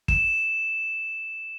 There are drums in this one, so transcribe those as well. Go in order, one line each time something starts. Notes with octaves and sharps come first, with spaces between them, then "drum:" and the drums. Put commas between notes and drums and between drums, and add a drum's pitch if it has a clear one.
E7, drum: kick